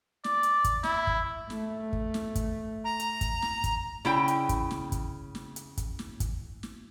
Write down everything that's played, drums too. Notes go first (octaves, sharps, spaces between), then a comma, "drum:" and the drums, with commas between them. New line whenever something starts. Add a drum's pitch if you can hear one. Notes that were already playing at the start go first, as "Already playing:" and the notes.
D5, drum: snare
drum: hi-hat
drum: kick, hi-hat
E4, drum: snare
drum: kick
A3, drum: snare
drum: kick
drum: snare
drum: kick, hi-hat
A#5
drum: hi-hat
drum: kick, hi-hat
drum: snare
drum: kick, hi-hat
C#3 E4 G5, drum: snare
drum: hi-hat
drum: kick, hi-hat
drum: snare
drum: kick, hi-hat
drum: snare
drum: hi-hat
drum: kick, hi-hat
drum: snare
drum: kick, hi-hat
drum: snare